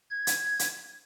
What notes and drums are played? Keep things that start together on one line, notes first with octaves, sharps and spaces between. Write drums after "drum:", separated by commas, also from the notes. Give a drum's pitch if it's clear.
G#6
drum: hi-hat
drum: hi-hat